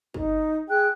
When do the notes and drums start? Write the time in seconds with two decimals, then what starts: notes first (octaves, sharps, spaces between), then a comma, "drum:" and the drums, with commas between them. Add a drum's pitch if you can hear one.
0.14 D#4, drum: kick G1
0.69 G#4 G5 F#6